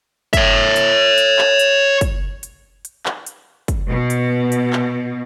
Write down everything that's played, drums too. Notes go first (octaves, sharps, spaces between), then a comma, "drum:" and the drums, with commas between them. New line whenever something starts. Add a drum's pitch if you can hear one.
C#5 E5, drum: kick, hi-hat
drum: hi-hat
drum: hi-hat
drum: clap
drum: hi-hat
drum: kick, hi-hat
drum: hi-hat
drum: hi-hat
drum: clap
drum: hi-hat
drum: kick, hi-hat
B2
drum: hi-hat
drum: hi-hat
drum: clap